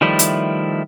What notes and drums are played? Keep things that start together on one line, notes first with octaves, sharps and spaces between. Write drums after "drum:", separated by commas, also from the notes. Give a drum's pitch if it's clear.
D#3 F3 G3 A3 E4
drum: hi-hat